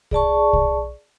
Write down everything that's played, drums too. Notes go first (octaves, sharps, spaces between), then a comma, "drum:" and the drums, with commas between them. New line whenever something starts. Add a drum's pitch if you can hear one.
G#4 D5 A5 C#6, drum: kick
drum: kick